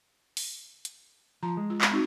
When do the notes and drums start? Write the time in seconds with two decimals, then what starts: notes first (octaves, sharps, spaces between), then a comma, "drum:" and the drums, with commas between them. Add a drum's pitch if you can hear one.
0.37 drum: open hi-hat
0.85 drum: hi-hat
1.43 F3 A#5
1.57 G#3
1.70 F4
1.81 drum: clap
1.91 C4 D#4 F#4